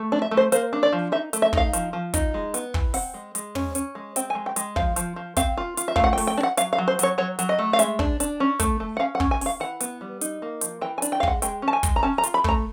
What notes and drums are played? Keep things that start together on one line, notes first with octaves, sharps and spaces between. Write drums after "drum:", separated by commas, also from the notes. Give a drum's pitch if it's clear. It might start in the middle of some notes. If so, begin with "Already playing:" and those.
Already playing: A3
D4
E5
A3
C5
A#3 C5, drum: hi-hat
D4
D5
F3
D#4 E5
A3, drum: hi-hat
E5
D#4 F5, drum: kick
F3, drum: hi-hat
F3
D#4, drum: kick, hi-hat
G#3
B3, drum: hi-hat
E3, drum: kick
C4 F#5, drum: open hi-hat
G#3
G#3, drum: hi-hat
C#4, drum: tom
C#4, drum: hi-hat
G#3
C4 G5, drum: hi-hat
G#5
G#3
G5
G#3, drum: hi-hat
F3 F5, drum: kick
F3, drum: hi-hat
F3
C4 F5, drum: kick, hi-hat
F4
F4, drum: hi-hat
E5
A3 F5, drum: kick
F#5
G5
A3, drum: open hi-hat
G5
D4
F#5
F#3 F5, drum: hi-hat
F5
F#3
C5
F#3 C#5, drum: hi-hat
F#3 C#5
F#3, drum: hi-hat
D#5
A3
F5
G#3 E5, drum: hi-hat
D4, drum: kick
D4, drum: hi-hat
C#4
A3, drum: kick, hi-hat
A3
F#5
C#4 F5
F#5
C#4, drum: kick
G#5
C#4 F5, drum: open hi-hat
E3 F#5
B3, drum: hi-hat
G3
D#4, drum: hi-hat
A#3
F3, drum: hi-hat
E3 G5
G#5
D4, drum: hi-hat
G5
F5
G#3 F#5, drum: kick
G#3 G5, drum: hi-hat
C#4
A5
G#5
G#3, drum: kick, hi-hat
A#5
C#4 A5
A#5
F4, drum: hi-hat
B5
A3 A#5, drum: kick